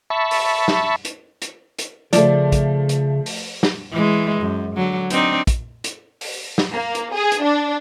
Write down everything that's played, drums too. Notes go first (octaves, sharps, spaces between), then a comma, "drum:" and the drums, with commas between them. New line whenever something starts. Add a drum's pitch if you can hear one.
E5 A5 B5 C#6
drum: open hi-hat
drum: snare
drum: hi-hat
drum: hi-hat
drum: hi-hat
C#3 F3 A3 D5, drum: hi-hat
drum: kick, hi-hat
drum: hi-hat
drum: open hi-hat
drum: snare
E3 G#3
F#2
D3 F#3
C4 D4 D#4, drum: hi-hat
drum: kick, hi-hat
drum: hi-hat
drum: open hi-hat
drum: snare
A#3
drum: hi-hat
G#4
drum: hi-hat
D4